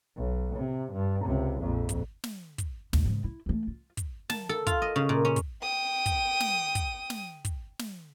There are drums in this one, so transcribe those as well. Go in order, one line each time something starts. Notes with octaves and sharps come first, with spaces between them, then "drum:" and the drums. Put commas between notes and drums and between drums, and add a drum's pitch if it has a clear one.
B1
C3
G2
C#2 C3
A#1 F2
drum: kick, hi-hat
drum: snare
drum: kick, hi-hat
A#1 D#2, drum: snare
G#2 C#3
E4
E3 A3
F4
drum: kick, hi-hat
A5, drum: snare
A4
F4, drum: kick, hi-hat
D#5
C#3
A#2
C#4
drum: kick, hi-hat
G5 D#6
drum: kick, hi-hat
drum: snare
drum: kick, hi-hat
drum: snare
drum: kick, hi-hat
drum: snare